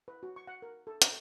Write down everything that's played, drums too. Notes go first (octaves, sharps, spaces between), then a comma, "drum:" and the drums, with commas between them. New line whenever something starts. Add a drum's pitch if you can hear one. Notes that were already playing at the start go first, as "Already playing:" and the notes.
B4
F#4
C#6
F#5
A#4
A4
A#5, drum: hi-hat